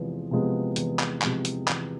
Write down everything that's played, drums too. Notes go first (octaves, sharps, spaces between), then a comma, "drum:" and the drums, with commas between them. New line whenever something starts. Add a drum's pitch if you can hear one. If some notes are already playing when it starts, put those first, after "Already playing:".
Already playing: E2 C3 F3 G#3 B3
C3 F3 G#3 B3
E2, drum: hi-hat
drum: clap
C3 F3 G#3 B3, drum: clap
drum: hi-hat
E2, drum: clap